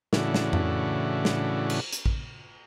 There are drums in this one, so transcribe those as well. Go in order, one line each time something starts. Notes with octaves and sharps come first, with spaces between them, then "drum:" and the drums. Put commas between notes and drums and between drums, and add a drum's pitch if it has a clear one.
A2 C#3 E3 D4 F#4, drum: snare
drum: snare
drum: tom F2
drum: snare
drum: cymbal
drum: hi-hat
drum: kick